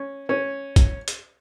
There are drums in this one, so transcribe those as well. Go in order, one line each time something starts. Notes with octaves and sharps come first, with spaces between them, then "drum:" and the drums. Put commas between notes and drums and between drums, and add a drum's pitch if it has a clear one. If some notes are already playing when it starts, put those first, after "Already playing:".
Already playing: C#4
C#4
drum: kick, hi-hat
drum: hi-hat